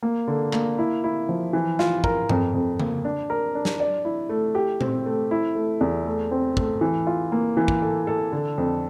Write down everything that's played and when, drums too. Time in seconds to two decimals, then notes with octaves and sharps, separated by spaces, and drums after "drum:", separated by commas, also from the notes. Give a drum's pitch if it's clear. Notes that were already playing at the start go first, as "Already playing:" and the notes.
0.03 A#3
0.28 D3
0.53 A#3, drum: clap
0.78 E4
1.04 E4
1.29 F3
1.53 E3
1.79 F4, drum: snare
2.04 A#4, drum: kick
2.29 F2, drum: tom G2
2.54 F2
2.80 A#3, drum: tom C#3
3.05 D4
3.30 A#4
3.55 D4
3.65 drum: snare
3.80 D5
4.05 E4
4.29 A3
4.55 G4
4.81 C4, drum: tom A#2
5.06 A3
5.31 E4
5.55 A3
5.81 E2
6.06 A3
6.31 C4
6.57 A3, drum: kick
6.81 E3
7.07 F4
7.32 A#3
7.57 E3
7.68 drum: kick
7.82 A4
8.07 A4
8.32 D3
8.58 F2